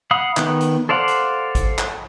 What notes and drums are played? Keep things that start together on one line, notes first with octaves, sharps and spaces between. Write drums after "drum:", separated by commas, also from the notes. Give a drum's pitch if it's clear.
F5 F#5 B5 D#6
D#3 B3, drum: clap
drum: hi-hat
A4 C5 D5 F5 F#5
drum: hi-hat
drum: kick, hi-hat
drum: clap